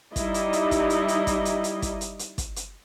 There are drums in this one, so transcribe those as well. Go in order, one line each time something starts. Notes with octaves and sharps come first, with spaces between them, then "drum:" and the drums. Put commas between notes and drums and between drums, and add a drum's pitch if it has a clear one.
G3 D#4 E4 D#5, drum: kick, hi-hat
drum: hi-hat
drum: hi-hat
drum: kick, hi-hat
drum: hi-hat
drum: hi-hat
drum: kick, hi-hat
drum: hi-hat
drum: hi-hat
drum: kick, hi-hat
drum: hi-hat
drum: hi-hat
drum: kick, hi-hat
drum: hi-hat